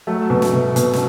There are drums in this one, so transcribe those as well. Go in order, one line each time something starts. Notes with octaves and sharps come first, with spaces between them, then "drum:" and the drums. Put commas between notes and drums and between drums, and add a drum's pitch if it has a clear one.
F#3 A3
B2
drum: snare
B2
B2, drum: hi-hat
drum: snare